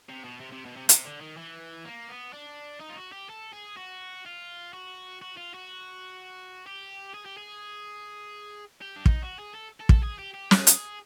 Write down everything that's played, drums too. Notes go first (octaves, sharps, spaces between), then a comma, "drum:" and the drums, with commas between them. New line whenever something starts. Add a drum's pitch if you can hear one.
C3
B2
C3
C3
B2
C3
C3, drum: hi-hat
D3
D#3
E3
A#3
B3
D4
D#4
F4
F#4
G4
A4
G#4
F#4
F4
F#4
F#4
F4
F#4
G4
G#4
G4
G#4
G4
D4
D#4, drum: kick
F#4
G#4
A4
A4
drum: kick
G#4
G4
G4
G#4, drum: snare
drum: hi-hat